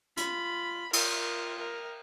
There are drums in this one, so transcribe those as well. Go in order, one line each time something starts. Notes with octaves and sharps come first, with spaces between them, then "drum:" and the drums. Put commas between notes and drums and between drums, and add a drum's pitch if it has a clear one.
F4 B5, drum: hi-hat
F4 A#4, drum: cymbal
A#4